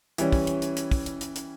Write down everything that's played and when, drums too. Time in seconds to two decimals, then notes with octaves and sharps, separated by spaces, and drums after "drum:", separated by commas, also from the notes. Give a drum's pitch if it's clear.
0.18 E3 G3 C#4, drum: hi-hat
0.33 drum: kick, open hi-hat
0.47 drum: hi-hat
0.62 drum: hi-hat
0.77 drum: hi-hat
0.91 drum: kick, open hi-hat
1.06 drum: hi-hat
1.21 drum: hi-hat
1.36 drum: hi-hat